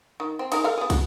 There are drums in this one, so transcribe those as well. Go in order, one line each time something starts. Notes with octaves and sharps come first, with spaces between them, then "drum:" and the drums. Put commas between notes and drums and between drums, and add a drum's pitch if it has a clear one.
D#3
C4
D#4 G#4 A#4, drum: cymbal
A4 A#4 F5
B3 G#4
F#4, drum: kick, cymbal